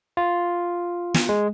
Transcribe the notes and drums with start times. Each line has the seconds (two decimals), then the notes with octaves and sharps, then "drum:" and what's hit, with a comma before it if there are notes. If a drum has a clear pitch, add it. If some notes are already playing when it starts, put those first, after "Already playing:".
0.17 F4
1.14 drum: snare
1.29 G#3